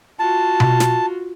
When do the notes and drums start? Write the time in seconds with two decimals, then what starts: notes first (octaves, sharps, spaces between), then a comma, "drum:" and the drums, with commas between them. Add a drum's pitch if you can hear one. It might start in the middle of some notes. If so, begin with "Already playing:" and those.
0.19 F4 F#4 A5
0.60 drum: tom B2
0.80 drum: snare